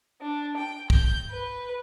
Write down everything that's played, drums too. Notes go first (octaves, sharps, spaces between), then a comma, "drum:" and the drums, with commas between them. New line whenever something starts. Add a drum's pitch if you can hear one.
D4
G5
G6, drum: kick
B4